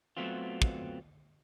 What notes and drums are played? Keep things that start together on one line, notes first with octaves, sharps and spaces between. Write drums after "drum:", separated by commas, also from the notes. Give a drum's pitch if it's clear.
F#3 A3 B3 C4 F4
drum: kick